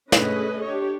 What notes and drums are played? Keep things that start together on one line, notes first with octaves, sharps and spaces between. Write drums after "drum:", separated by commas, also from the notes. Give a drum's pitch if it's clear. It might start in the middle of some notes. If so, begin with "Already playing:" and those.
A3 C#4 G#4 A4 B4 D#5, drum: snare
D4 G4 C#5